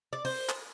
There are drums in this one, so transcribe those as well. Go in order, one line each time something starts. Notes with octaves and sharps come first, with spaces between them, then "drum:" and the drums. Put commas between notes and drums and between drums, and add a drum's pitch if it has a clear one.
D5
C5, drum: open hi-hat
drum: clap